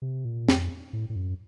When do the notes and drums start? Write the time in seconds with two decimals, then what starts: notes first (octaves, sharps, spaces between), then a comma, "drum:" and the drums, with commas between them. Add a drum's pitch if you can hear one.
0.02 C3
0.25 A#2
0.49 F2, drum: snare
0.93 A2
1.10 A2
1.16 F#2